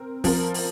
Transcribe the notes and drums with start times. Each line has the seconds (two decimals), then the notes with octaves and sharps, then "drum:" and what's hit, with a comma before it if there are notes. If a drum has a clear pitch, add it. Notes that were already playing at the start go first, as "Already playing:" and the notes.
Already playing: C4 A#4
0.24 F3 C4 A#4, drum: kick, open hi-hat
0.54 drum: open hi-hat